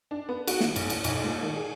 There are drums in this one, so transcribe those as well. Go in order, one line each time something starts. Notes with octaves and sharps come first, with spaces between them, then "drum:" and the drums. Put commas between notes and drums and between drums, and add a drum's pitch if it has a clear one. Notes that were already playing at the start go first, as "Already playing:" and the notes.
D4
B3
F#4, drum: cymbal
D#3, drum: snare
A#1, drum: cymbal
E2, drum: cymbal
B1, drum: cymbal
A#2
D#3
G#4